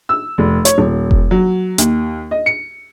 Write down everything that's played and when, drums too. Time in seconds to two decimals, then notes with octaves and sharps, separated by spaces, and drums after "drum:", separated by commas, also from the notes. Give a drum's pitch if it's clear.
0.09 E6
0.38 F1
0.65 C#5, drum: hi-hat
0.78 D#1
1.11 drum: kick F1
1.31 F#3
1.78 D#2, drum: hi-hat
2.31 D#5
2.46 C#7